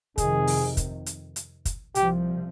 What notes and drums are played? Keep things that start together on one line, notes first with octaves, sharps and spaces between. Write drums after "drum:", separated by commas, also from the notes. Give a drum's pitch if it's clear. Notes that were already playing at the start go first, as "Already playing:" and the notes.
F2 C3 D#3 G#4, drum: kick, hi-hat
drum: open hi-hat
drum: kick, hi-hat
drum: hi-hat
drum: hi-hat
drum: kick, hi-hat
C2 C3 F3 G4, drum: hi-hat